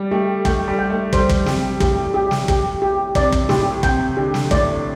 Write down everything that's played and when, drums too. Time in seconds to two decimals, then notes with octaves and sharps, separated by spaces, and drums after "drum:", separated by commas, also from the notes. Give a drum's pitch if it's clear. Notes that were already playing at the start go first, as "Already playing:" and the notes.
Already playing: G3
0.11 A3 G4
0.45 A3 G5, drum: kick
0.68 G3
0.79 G5
0.90 A3
1.13 G3 C5, drum: kick
1.29 drum: kick
1.46 C3 G4, drum: snare
1.80 A2 G4, drum: kick
2.14 G4
2.31 drum: snare
2.48 G4, drum: kick
2.82 G4
3.15 C3 D5, drum: kick
3.32 drum: kick
3.49 A2 G4, drum: snare
3.83 C3 G5, drum: kick
4.17 D3 G4
4.34 drum: snare
4.51 A2 D5, drum: kick